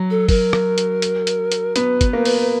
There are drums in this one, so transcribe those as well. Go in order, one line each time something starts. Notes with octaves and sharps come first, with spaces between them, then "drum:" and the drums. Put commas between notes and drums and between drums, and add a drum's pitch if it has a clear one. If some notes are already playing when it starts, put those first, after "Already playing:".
Already playing: F#3
A4
A#4, drum: kick, open hi-hat
drum: rim click
drum: hi-hat
drum: hi-hat
drum: hi-hat
drum: hi-hat
B3 B4, drum: hi-hat
drum: kick, hi-hat
A#3
drum: open hi-hat